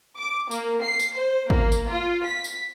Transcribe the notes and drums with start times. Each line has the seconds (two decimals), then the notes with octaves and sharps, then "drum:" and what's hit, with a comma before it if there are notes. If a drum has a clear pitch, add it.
0.18 D6
0.51 A#3, drum: tambourine
0.84 C7
0.99 drum: tambourine
1.17 C5
1.50 A#3, drum: kick
1.72 drum: tambourine
1.90 F4
2.25 B6
2.44 drum: tambourine